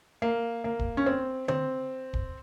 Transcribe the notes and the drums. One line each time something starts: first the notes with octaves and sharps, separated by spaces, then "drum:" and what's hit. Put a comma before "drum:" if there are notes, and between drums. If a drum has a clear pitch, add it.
A#3
A#3
drum: kick
C#4
C4
C4, drum: tom D3
drum: kick